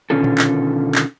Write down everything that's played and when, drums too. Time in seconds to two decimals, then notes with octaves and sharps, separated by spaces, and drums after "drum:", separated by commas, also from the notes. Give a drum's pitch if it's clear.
0.10 B2 D3 D#3 C#4 F4 A4
0.24 drum: tom A#2
0.38 drum: clap
0.95 drum: clap